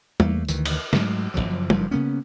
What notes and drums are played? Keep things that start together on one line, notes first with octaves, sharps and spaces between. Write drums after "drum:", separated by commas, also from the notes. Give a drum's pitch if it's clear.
E2 A3 A#3, drum: tom G3
D2 D#3 E3, drum: tambourine
drum: cymbal
G#2 F#3 G#3 A3, drum: snare
F#1 F#2 F3 F#3
F#1 G2 F3, drum: tom G3
C#3 A#3 B3 C#4